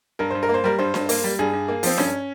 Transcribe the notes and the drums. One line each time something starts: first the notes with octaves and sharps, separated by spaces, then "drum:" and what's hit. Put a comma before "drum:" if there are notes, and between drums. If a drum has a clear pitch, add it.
G2 A#4
G2 C5
A#4
A#3
C5
G3 A#4
G2 C5
G2, drum: snare D4
A#3, drum: open hi-hat
G3
G2 G#4
G2
A#3
F3 C4, drum: open hi-hat
G2 C#4, drum: snare D4